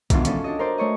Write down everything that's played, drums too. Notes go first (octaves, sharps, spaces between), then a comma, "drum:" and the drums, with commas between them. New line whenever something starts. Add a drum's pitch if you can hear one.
G#2 B2 D#3 E3 D4 F4, drum: kick, hi-hat
C#4 F4 A4, drum: hi-hat
D4 F#4 D#5
A#4 C5 D5
A3 C#5 D#5